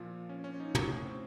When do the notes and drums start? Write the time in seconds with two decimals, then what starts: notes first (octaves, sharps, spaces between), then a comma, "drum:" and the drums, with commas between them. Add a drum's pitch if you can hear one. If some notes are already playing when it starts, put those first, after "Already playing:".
Already playing: A#2 F3 F4
0.29 C#4
0.44 C#4
0.60 D#4
0.75 A2 F#3 C#4, drum: tom
1.05 C4